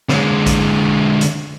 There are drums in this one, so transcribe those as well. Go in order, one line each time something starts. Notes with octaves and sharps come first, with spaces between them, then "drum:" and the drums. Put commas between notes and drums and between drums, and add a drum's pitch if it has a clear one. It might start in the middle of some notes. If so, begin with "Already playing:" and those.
D3 G#3, drum: snare
drum: kick A1, hi-hat
drum: hi-hat